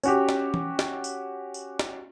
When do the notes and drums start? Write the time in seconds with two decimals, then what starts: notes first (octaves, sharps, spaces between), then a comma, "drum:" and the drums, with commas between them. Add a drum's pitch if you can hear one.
0.03 C#4 F#4 G4, drum: tambourine
0.29 drum: snare
0.54 drum: tom E3
0.79 drum: snare
1.04 drum: tambourine
1.54 drum: tambourine
1.79 drum: snare